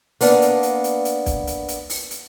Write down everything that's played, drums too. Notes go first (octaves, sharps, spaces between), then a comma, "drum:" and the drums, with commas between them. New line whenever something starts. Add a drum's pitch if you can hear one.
A#3 B3 D4 F5, drum: open hi-hat
drum: hi-hat
drum: hi-hat
drum: hi-hat
drum: hi-hat
drum: kick, hi-hat
drum: hi-hat
drum: hi-hat
drum: open hi-hat
drum: hi-hat